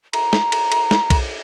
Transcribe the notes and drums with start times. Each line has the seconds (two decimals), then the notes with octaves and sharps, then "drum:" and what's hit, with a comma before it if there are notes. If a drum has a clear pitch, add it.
0.13 A#5, drum: cymbal
0.33 drum: snare
0.52 drum: cymbal
0.72 drum: cymbal
0.91 drum: snare
1.10 drum: kick B1, cymbal